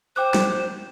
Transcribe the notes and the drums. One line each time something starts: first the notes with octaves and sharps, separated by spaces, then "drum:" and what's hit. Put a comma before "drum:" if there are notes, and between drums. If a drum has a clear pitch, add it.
C5 G5 D6 F#6
drum: snare